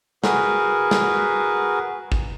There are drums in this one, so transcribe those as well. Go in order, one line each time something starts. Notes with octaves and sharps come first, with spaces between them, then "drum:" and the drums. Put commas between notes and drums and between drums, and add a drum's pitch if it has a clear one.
F#4 G#4 A#4 B4, drum: snare
drum: snare
drum: kick